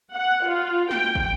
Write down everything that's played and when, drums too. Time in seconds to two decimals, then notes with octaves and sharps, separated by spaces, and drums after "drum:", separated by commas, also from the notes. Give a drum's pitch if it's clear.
0.15 F#5
0.48 F4
0.91 G5, drum: snare
1.15 drum: kick